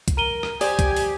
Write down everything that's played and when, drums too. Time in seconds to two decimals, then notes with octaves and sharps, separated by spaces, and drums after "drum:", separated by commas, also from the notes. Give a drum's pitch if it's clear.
0.08 drum: kick B1, hi-hat
0.17 A#4 A#5 D#7 G7
0.43 drum: rim click
0.61 G4 C5 D5 G#5 D#6, drum: open hi-hat
0.79 drum: kick B1, hi-hat
0.96 drum: open hi-hat